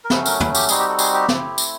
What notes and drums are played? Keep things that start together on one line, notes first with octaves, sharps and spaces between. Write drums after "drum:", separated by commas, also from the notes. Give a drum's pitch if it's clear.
A#4
F#3 A3 C#4 B4, drum: snare
A#4, drum: tambourine
B4, drum: tom
G4, drum: tambourine
G3 C4 D#4 F#4 G#4, drum: tambourine
G4
A4
G#4, drum: tambourine
G4
A3 C4 E4, drum: snare
drum: tambourine